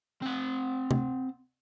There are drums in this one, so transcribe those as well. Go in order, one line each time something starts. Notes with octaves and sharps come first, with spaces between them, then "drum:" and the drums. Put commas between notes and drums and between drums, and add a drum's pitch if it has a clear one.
C4 F#5
drum: tom